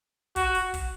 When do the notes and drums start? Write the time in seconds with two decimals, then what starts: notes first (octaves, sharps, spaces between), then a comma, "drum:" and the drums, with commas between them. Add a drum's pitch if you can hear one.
0.36 F#4, drum: kick, hi-hat
0.55 drum: hi-hat
0.74 drum: kick, hi-hat